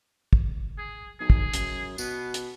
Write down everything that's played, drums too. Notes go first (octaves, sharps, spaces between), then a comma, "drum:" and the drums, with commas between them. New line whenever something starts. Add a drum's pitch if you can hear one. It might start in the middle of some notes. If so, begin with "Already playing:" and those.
drum: kick
G#4
B1 G#4
drum: kick
F#2, drum: hi-hat
B2 B3, drum: tambourine
drum: hi-hat